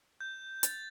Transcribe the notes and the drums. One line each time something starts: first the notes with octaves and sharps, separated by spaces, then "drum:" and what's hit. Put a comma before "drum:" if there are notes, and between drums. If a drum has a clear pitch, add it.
G6
A6, drum: hi-hat